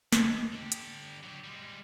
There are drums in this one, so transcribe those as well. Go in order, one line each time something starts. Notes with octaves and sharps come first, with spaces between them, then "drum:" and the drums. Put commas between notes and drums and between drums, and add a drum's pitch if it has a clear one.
D#2, drum: snare
D3 G4
drum: hi-hat
F#3 G4
G3 G#3